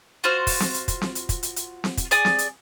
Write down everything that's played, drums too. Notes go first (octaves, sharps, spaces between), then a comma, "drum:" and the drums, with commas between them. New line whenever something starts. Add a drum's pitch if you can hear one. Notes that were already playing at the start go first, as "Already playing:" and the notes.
F4 F#4 C5 F6
drum: kick, open hi-hat
drum: snare C4
drum: hi-hat
drum: kick, hi-hat
drum: snare C4
drum: hi-hat
drum: kick, hi-hat
drum: hi-hat
drum: hi-hat
drum: snare C4
drum: kick, hi-hat
G#4 D5 G#5 D#6, drum: hi-hat
drum: snare C4
drum: hi-hat